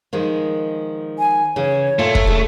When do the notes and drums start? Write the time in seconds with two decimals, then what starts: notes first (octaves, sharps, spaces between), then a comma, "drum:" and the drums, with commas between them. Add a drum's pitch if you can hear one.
0.13 D#3 F3 G#3
1.19 G#5
1.56 C#3 E3 C#5
1.99 A#2 A3 F4
2.15 drum: kick
2.25 D2 C#3